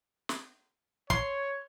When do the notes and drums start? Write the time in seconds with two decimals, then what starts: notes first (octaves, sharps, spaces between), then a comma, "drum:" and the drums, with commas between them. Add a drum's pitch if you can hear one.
0.29 drum: snare
1.10 C#5 C6, drum: kick